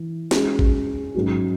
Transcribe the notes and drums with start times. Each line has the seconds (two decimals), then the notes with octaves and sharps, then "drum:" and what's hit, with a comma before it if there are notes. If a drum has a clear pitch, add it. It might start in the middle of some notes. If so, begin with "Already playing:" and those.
Already playing: E3
0.31 G#3 C#4 F#4, drum: snare
0.59 drum: kick
1.15 G#2 F#3 C#4 F#4